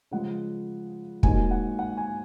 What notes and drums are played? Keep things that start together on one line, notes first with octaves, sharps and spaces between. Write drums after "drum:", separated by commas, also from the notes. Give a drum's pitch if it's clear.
C#3 F3 G#3 F#5
G#2 F#3 A#3 D#4 G#5, drum: kick
F#5
F#5
G#5